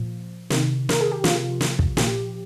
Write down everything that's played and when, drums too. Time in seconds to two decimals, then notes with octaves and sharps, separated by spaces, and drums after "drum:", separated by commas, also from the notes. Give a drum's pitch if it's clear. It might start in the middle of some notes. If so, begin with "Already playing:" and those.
Already playing: A#2 F3
0.50 C3 D#3, drum: snare
0.89 A#4, drum: snare
1.01 G#4
1.12 G4
1.24 C3 F3 F4, drum: snare
1.61 drum: snare
1.79 drum: kick
1.97 A#2 F3 G4, drum: snare